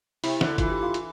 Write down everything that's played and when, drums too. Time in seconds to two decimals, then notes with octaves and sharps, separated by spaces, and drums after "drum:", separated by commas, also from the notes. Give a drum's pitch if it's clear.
0.24 C3 E4, drum: open hi-hat
0.41 D3, drum: snare
0.58 E3 F4, drum: kick F#1, hi-hat
0.71 G4
0.83 F4
0.94 drum: hi-hat